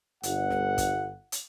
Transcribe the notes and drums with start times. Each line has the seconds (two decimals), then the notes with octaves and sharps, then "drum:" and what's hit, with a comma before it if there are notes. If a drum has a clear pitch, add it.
0.23 G1 F#5, drum: hi-hat
0.51 drum: snare
0.78 drum: kick, hi-hat
1.32 drum: hi-hat